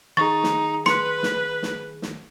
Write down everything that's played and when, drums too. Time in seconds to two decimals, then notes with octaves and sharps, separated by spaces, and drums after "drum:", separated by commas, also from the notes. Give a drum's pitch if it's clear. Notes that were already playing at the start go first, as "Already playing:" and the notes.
0.17 D#3 D#4 G#4 C#6 A6
0.44 drum: snare
0.86 B4 C6 C#7, drum: snare
1.23 drum: snare
1.63 drum: snare
2.02 drum: snare